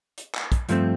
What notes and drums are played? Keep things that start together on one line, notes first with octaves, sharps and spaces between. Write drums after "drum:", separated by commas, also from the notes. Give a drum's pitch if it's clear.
drum: hi-hat
drum: clap
drum: kick, hi-hat
G2 F3 A3 C4, drum: hi-hat